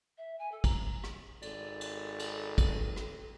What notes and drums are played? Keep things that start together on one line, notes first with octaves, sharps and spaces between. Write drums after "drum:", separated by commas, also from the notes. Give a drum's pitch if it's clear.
E5
G#5
A4
A#5, drum: kick, cymbal
drum: rim click
G#1 A4 D5, drum: cymbal
drum: cymbal
drum: cymbal
drum: kick, cymbal
drum: rim click